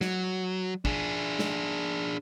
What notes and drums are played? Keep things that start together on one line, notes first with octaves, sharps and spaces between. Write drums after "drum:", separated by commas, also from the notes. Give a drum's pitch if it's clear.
F#3, drum: snare
D4 G#4, drum: kick
drum: snare